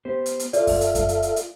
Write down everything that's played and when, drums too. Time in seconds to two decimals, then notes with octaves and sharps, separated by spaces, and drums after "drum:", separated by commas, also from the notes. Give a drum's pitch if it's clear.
0.05 B3 G4 C5
0.26 drum: hi-hat
0.39 drum: hi-hat
0.53 F4 A4 D5 E5 F5, drum: hi-hat
0.67 drum: kick F#2, open hi-hat
0.81 drum: hi-hat
0.95 drum: kick F#2, hi-hat
1.09 drum: hi-hat
1.22 drum: hi-hat
1.36 drum: hi-hat